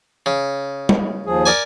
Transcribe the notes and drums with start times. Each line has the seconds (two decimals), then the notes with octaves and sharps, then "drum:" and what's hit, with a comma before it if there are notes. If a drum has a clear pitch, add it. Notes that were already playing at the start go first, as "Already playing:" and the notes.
0.26 C#3
0.89 drum: tom
1.26 D#2 F3 G#4
1.46 A#4 D5 G#5